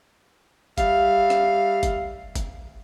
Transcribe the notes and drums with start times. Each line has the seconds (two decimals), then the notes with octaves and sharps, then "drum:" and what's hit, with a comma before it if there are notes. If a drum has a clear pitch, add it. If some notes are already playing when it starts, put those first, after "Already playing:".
0.78 G3 E5 F5, drum: kick, hi-hat
1.30 drum: rim click
1.83 drum: kick, hi-hat
2.35 drum: kick, hi-hat